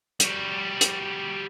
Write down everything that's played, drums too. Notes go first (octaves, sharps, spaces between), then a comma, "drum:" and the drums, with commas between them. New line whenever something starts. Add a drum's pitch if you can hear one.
G3 F#4, drum: hi-hat
drum: hi-hat